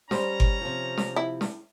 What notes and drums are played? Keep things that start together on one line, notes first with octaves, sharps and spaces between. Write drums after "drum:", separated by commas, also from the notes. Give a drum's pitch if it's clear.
G3 C#4 G4 C5 A#5, drum: snare
drum: kick G1
C3 F3
drum: snare
E4
drum: snare